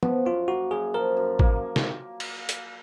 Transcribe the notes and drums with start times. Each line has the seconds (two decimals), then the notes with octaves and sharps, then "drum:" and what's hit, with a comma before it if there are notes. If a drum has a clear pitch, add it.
0.03 F3 B3, drum: tom
0.25 F#2 F4
0.48 A#3 F#4
0.71 F#2 G#4
0.94 F3 A#4
1.17 F#2
1.39 A#3, drum: kick
1.76 drum: snare
2.20 drum: cymbal
2.49 drum: hi-hat